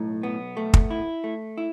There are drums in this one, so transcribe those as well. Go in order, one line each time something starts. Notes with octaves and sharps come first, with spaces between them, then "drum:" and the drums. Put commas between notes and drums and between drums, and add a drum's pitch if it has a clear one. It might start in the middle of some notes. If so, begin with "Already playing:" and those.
Already playing: B1 A2
B3
A3
drum: kick
E4
A3
E4